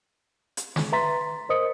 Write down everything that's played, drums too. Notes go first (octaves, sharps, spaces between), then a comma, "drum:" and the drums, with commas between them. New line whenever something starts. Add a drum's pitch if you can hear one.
drum: hi-hat
drum: snare
B4 E5 A#5 C6 A6 B6
A#4 C5 D#5 D#6 C#7